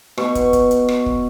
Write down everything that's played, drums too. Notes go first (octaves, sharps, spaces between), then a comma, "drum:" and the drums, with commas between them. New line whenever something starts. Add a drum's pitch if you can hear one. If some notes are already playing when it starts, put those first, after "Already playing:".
B2 C#6, drum: rim click
drum: kick, hi-hat
drum: kick, hi-hat
drum: hi-hat
drum: rim click
drum: kick